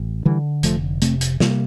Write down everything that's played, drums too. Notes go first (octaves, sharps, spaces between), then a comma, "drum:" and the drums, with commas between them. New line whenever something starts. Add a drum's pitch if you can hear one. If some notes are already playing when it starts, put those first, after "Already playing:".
Already playing: A1
D3 E3 G3
F1 F3 A3, drum: hi-hat
C3 A3 C4, drum: hi-hat
drum: hi-hat
C3 G3 A#3, drum: snare